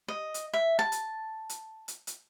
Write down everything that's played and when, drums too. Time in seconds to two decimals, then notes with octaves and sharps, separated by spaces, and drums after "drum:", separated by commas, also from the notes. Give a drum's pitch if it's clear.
0.08 D#5
0.34 drum: hi-hat
0.53 E5
0.79 A5
0.92 drum: hi-hat
1.49 drum: hi-hat
1.88 drum: hi-hat
2.07 drum: hi-hat